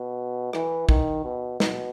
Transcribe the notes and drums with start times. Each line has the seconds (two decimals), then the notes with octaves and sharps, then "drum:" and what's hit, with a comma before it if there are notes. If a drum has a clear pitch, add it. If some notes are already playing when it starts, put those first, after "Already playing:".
Already playing: B2
0.53 E3, drum: rim click
0.89 D#3, drum: kick
1.25 B2
1.60 B2, drum: snare